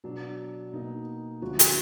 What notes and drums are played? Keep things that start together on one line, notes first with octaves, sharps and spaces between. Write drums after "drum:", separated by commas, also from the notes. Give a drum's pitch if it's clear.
B2 F#3 D4 F#4
B2 A#3 D#4
D2 D3 F3 G#3 F#4
F#4, drum: hi-hat